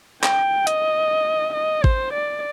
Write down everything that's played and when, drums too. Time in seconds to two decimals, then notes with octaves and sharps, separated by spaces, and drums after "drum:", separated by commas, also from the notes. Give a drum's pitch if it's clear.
0.24 G5, drum: clap
0.67 D#5, drum: hi-hat
1.54 D#5
1.84 C5, drum: kick G#1
2.14 D5